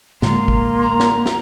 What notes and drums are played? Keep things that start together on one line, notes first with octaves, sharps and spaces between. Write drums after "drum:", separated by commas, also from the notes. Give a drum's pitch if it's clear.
A2 D3 G#3 A#3 A#5 C6, drum: snare
drum: kick
A#5
drum: snare
drum: snare